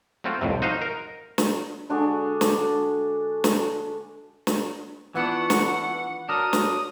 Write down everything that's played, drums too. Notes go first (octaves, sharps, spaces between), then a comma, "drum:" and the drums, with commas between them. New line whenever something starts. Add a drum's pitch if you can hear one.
F#3 A3 C4 F4 F#4
C2 F2 A2 C3
D#4 F#4 C5 D#5 F5
A#4
drum: snare
D3 G#3 D4 F#4
drum: snare
drum: snare
drum: snare
E3 B3 D4 F4 B4 F#5 C#6
drum: snare
D4 F#4 A#4 C#5 D#6
drum: snare